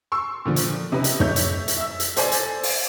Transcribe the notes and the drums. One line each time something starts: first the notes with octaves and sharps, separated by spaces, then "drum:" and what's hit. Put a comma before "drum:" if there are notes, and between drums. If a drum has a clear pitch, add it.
C6 C#6 E6
A#2 D3 F3
drum: hi-hat
C3 C#4 D#4 B4
drum: hi-hat
C#5 E5 G6, drum: tom
drum: hi-hat
drum: hi-hat
E5 E6
drum: hi-hat
A4 C5 D5 G#5, drum: hi-hat
drum: hi-hat
drum: open hi-hat